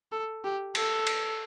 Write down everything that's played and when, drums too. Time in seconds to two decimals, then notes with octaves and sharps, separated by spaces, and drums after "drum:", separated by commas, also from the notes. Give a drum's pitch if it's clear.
0.12 A4
0.44 G4
0.75 A4, drum: cymbal
1.07 drum: cymbal